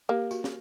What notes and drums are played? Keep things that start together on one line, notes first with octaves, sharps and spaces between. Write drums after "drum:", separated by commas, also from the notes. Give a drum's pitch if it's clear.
A#3 G4
F#4, drum: tambourine
drum: snare